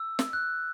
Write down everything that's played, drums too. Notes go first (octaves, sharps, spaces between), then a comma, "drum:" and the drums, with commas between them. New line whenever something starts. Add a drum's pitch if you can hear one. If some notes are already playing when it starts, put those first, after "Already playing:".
Already playing: E6
drum: snare
F#6